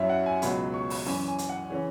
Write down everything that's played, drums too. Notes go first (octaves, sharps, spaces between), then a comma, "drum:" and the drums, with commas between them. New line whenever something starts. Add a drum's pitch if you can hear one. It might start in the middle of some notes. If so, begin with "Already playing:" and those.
Already playing: F#2 F#3 C#4 E4 C#5 E5
F#5
G#5
C#2 B2 F#3 B5, drum: hi-hat
C#6
drum: open hi-hat
F#2 E3 C#4 G#5, drum: open hi-hat
G#5
drum: hi-hat
F#5
C#3 E3 C#4 C#5